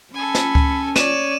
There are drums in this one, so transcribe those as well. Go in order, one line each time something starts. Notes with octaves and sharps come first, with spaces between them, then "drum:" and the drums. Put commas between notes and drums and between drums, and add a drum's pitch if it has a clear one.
C#4 A4 G#5 B5
drum: snare
drum: kick C#2
C#5 D5 D#7 E7, drum: snare